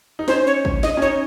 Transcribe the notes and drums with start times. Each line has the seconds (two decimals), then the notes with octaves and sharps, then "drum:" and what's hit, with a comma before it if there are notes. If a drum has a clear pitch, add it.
0.19 D#4
0.28 C#4 C5, drum: snare
0.47 C#5
0.65 drum: kick
0.83 D#5, drum: snare
0.97 C#4
1.02 D#4 C#5